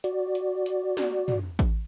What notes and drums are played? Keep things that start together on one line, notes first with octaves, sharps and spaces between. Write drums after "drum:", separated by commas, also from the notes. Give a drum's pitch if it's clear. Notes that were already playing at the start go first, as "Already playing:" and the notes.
F#4 D5, drum: hi-hat
drum: hi-hat
drum: hi-hat
drum: snare
drum: tom
drum: kick A1, hi-hat